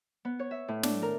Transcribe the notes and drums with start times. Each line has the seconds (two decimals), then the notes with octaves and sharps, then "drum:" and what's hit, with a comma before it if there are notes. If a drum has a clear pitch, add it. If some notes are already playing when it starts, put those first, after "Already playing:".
0.25 B3
0.39 C#5
0.51 E5
0.68 A2
0.83 D4, drum: snare
1.02 A#4